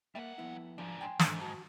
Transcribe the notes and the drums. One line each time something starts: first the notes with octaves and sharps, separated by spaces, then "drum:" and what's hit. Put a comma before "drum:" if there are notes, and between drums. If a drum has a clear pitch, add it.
G3 A#3 E5 F#5
F2 B3 E4
G#2 F3 D4
G5 G#5 C6
G#2 D3 E3, drum: snare
F#4 A5